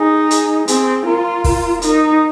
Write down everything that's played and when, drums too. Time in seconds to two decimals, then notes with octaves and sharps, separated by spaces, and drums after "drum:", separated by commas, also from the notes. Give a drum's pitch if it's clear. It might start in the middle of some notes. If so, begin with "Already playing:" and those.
Already playing: D#4 G#4
0.31 G#4, drum: hi-hat
0.68 C4 G#4, drum: hi-hat
1.06 F4 A#4
1.44 A#4, drum: kick, open hi-hat
1.82 D#4 A#4, drum: hi-hat